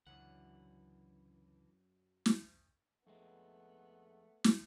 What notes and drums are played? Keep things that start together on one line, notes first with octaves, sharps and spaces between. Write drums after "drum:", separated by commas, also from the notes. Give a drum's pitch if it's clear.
C#2 F#2 D3 E3 F#3 C#4 F#5
drum: snare
F2 G#3 A3 B3
drum: snare